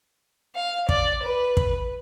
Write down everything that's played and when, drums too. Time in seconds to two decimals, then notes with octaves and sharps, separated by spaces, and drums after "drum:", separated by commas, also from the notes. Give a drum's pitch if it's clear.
0.55 F5
0.89 D5, drum: kick
1.23 B4
1.57 drum: kick